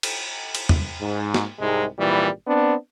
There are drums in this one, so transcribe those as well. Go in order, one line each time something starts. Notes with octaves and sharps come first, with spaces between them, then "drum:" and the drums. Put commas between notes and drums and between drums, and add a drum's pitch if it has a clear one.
drum: cymbal
drum: cymbal
drum: tom
G#2
drum: snare
C2 G#2 C3 G#3
G#1 A#2 E3 G3
B3 C4 D4